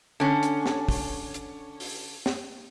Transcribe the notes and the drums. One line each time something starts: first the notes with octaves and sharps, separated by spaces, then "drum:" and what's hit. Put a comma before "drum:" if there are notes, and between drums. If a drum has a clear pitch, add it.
D3 C#4
drum: hi-hat
drum: snare
drum: kick, open hi-hat
drum: hi-hat
drum: open hi-hat
drum: snare